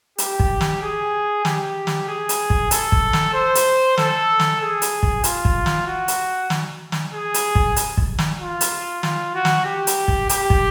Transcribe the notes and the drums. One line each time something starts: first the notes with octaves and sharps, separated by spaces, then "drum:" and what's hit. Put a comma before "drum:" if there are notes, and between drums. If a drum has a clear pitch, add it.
G4, drum: hi-hat
drum: kick
drum: snare
G#4
G4, drum: snare
drum: snare
G#4
drum: hi-hat
drum: kick
A4, drum: hi-hat
drum: kick
drum: snare
C5
drum: hi-hat
A4, drum: snare
drum: snare
G#4
drum: hi-hat
drum: kick
F4, drum: hi-hat
drum: kick
drum: snare
F#4
drum: hi-hat
drum: snare
drum: snare
G#4
drum: hi-hat
drum: kick
drum: hi-hat
drum: kick
drum: snare
F4
drum: hi-hat
F4, drum: snare
F#4
drum: snare
G4
drum: hi-hat
drum: kick
G4, drum: hi-hat
drum: kick